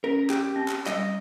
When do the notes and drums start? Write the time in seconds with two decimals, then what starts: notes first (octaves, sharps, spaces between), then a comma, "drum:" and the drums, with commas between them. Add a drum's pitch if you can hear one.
0.04 C#4 A#4
0.30 G4, drum: clap
0.56 C4
0.68 drum: clap
0.86 G3 D#5, drum: clap